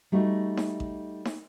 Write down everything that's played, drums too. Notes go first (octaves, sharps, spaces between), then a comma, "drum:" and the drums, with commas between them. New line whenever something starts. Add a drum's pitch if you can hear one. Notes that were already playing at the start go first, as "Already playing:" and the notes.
G3 A3 D#4 F#4
drum: snare D#4
drum: kick A1
drum: snare D#4